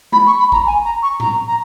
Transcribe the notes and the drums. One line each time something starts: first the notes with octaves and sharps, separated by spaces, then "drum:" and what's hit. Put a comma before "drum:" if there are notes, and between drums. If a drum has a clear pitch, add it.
B5, drum: tom G#3
C#6
B5
A#5, drum: kick G1
G#5
A#5
C#6
A#5, drum: tom G#2
A#5